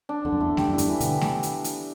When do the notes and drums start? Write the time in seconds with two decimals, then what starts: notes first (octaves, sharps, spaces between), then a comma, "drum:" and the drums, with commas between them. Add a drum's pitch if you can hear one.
0.09 D4
0.25 E2 D3
0.32 F#2
0.40 E2 A3
0.57 F#2 G4, drum: snare A3
0.68 F#2 E4
0.78 E2 G2, drum: hi-hat
0.89 E3
1.00 B2 D3 B3, drum: hi-hat
1.21 drum: snare A3
1.43 drum: hi-hat
1.64 drum: hi-hat